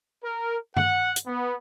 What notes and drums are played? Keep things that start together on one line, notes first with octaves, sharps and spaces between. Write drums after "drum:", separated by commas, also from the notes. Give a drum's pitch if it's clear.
A#4
F#5, drum: tom G2
drum: hi-hat
B3